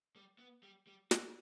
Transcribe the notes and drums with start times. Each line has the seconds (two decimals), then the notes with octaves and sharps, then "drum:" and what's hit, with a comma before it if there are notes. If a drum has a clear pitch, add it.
0.16 G3
0.38 B3
0.63 G3
0.87 G3
1.11 F#4, drum: snare